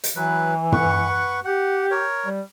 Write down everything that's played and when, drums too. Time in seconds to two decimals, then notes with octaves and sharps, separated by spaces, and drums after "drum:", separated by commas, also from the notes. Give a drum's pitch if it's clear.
0.04 drum: hi-hat
0.16 E3 F#3 B4
0.72 B4 F#5 C#6, drum: tom
1.45 G4 F#5
1.91 A#4 C#5
2.26 G3